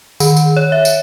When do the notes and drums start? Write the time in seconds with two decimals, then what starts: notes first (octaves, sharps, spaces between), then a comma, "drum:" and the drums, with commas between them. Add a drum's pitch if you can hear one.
0.20 D#3, drum: tambourine
0.37 drum: tambourine
0.57 C#5
0.72 E5
0.85 drum: tambourine